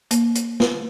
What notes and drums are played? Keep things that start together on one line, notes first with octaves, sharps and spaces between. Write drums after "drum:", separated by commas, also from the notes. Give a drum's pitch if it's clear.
A#3, drum: hi-hat
drum: hi-hat
drum: snare